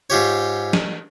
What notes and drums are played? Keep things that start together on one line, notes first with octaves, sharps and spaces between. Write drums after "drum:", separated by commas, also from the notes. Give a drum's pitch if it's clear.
G#2 F4 G4 C#5
drum: snare